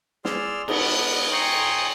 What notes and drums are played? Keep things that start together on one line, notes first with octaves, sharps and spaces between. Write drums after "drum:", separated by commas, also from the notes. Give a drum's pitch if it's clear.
G#4 D5 C6 E6 F6, drum: snare
B3 B4 D#5, drum: cymbal
G5 G#5 A#5 C6 C#6 D#6